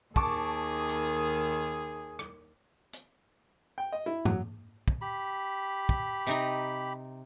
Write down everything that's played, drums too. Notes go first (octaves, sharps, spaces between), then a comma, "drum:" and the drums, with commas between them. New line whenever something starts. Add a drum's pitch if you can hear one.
D#2 D#3 G#4 A5 C#6 D6, drum: kick
drum: hi-hat
drum: rim click
drum: hi-hat
G5
D#5
E4
F#3, drum: tom G#2
drum: kick
G4 B5
drum: kick
C3 D#4 A#5, drum: hi-hat